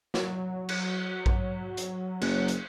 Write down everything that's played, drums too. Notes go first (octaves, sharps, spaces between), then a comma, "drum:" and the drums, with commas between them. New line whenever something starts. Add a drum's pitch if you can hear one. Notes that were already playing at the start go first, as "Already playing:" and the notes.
F#3, drum: snare
drum: cymbal
drum: kick A#1
drum: hi-hat
F#1, drum: cymbal
drum: hi-hat